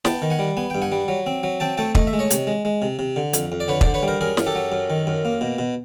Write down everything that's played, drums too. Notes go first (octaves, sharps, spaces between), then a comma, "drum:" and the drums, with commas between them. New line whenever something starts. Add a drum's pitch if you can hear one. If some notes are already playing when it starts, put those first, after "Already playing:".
B3 G5 A5, drum: snare
D#3
F#5 G#5
G3
B3 G#5
G2 G5
F#5 G#5
G3
F#3
C4
F#3
C4 G5 A5
A3 G5 A5
A3 D#5, drum: kick
E5
G#3
C#5 D#5
C3, drum: hi-hat
G#3
G#3
C3
C3
D3
F2, drum: hi-hat
F2
D5
D3 B4 C#5
C5 D5, drum: kick
D3
B4 C#5
G3
A#4 C5
F#2 G#4 A#4
F#2, drum: snare
G4 A4
F#3
F#2
D#3
F#2
A#3
B2
B2